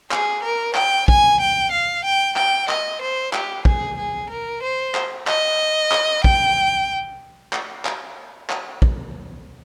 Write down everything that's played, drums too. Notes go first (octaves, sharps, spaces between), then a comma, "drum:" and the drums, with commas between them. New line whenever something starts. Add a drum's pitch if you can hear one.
G#4, drum: clap
A#4
G5, drum: clap
G#5, drum: kick
G5
F5
G5
G5, drum: clap
D#5, drum: clap
C5
G4, drum: clap
G#4, drum: kick
G#4
A#4
C5
drum: clap
D#5, drum: clap
drum: clap
G5, drum: kick
drum: clap
drum: clap
drum: clap
drum: kick